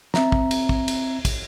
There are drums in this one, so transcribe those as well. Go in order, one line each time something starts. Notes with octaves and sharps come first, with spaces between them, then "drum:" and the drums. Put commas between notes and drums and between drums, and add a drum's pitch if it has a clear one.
C4 E5 A#5, drum: snare
drum: kick
drum: cymbal
drum: kick
drum: cymbal
drum: kick, cymbal